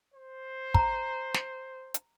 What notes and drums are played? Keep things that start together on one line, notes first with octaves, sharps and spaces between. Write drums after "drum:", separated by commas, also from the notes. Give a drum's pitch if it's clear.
C5
A#5, drum: kick
drum: snare
drum: hi-hat